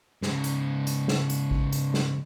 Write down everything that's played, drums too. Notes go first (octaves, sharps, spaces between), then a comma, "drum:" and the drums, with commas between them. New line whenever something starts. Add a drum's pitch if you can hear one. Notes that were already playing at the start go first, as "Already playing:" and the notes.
G#2 C#3, drum: snare
drum: hi-hat
drum: hi-hat
drum: snare
drum: hi-hat
drum: kick
drum: hi-hat
drum: snare